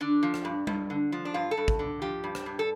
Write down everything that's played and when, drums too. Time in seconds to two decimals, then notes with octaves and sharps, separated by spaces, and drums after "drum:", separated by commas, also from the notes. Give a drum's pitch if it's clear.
0.01 D3 D4
0.23 F3
0.34 drum: rim click
0.45 G2
0.67 G2, drum: tom G3
0.90 D3
1.12 F3
1.25 D4
1.34 G2 F4
1.51 A4
1.57 G2
1.68 drum: kick
1.79 D3
2.02 F3 G4
2.24 G2
2.35 drum: rim click
2.46 G2
2.59 A4